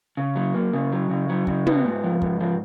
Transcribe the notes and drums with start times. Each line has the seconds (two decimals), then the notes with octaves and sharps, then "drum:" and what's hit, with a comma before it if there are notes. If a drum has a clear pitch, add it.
0.17 C#3
0.36 F#3
0.54 A#3
0.73 C#3
0.92 F#3
1.10 C#3
1.29 F#3
1.47 C#3, drum: kick
1.66 B3, drum: tom
1.85 G#2
2.04 F3
2.22 G#2, drum: kick
2.40 F3